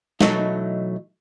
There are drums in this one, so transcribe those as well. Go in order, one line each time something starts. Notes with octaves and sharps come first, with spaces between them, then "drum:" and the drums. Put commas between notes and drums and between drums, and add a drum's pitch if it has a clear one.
B2 E3 F#3 A3 D#4 E4, drum: snare